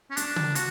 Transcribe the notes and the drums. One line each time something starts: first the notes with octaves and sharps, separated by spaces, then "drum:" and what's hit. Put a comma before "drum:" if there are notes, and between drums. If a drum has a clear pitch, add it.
C#4
D4, drum: hi-hat
drum: tom
F#4, drum: hi-hat